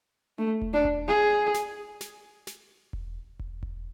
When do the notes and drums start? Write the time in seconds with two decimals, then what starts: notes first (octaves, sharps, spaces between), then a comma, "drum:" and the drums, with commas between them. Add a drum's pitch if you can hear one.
0.38 A3, drum: tom D4
0.62 drum: kick E1
0.73 D4
0.85 drum: kick E1
1.07 G#4
1.54 drum: snare
2.01 drum: snare
2.47 drum: snare
2.93 drum: kick E1
3.40 drum: kick E1
3.63 drum: kick E1